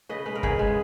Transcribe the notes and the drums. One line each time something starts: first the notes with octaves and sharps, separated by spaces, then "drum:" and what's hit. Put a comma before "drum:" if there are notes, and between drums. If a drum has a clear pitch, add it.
C#3 B4 D#5
G#3 B4
A#4
C#3 G#4 B4, drum: kick F#1
G#3